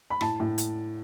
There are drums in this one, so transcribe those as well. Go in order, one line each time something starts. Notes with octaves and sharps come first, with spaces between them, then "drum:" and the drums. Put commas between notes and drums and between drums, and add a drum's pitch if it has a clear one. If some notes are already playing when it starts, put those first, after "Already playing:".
B5
A2 A5, drum: rim click
A2
drum: hi-hat